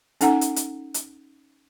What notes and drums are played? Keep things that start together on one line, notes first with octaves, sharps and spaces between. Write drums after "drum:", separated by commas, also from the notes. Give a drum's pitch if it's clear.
C#4 D#4 A4 F#5 G#5 A#5, drum: hi-hat
drum: hi-hat
drum: hi-hat
drum: hi-hat